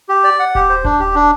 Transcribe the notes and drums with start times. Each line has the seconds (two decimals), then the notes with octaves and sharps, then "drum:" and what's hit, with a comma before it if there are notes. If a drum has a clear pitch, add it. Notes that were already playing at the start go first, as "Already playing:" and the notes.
0.09 G4
0.24 D5
0.39 F#5
0.55 G4, drum: kick D#1
0.69 C5
0.85 D4, drum: kick D#1
0.99 G4
1.15 D4